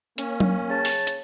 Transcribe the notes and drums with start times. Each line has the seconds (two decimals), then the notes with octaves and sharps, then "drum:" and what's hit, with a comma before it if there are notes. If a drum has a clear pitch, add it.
0.18 A#3 C#4, drum: hi-hat
0.40 drum: tom F#3
0.70 C#3 A5
0.85 drum: open hi-hat
1.07 drum: hi-hat